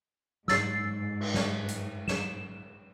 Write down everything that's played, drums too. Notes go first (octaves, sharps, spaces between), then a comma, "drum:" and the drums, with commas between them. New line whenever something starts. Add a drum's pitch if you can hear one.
G#2 E6 A6 C7, drum: snare
drum: cymbal
drum: snare
drum: hi-hat
E7, drum: snare